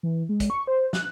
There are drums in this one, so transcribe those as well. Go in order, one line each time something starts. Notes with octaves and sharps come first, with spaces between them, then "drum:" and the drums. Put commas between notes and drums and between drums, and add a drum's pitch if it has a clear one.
E3
G#3
drum: kick, hi-hat
C#6
C5
F#6, drum: snare